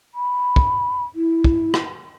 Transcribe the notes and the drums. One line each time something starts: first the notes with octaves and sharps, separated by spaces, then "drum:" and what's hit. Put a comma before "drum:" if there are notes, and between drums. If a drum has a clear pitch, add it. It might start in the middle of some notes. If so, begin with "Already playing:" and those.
B5
drum: kick
E4
drum: kick
drum: rim click